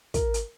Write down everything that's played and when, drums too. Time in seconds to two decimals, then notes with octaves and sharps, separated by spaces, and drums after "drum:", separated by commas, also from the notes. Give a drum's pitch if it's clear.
0.14 A#4, drum: kick, hi-hat
0.34 drum: hi-hat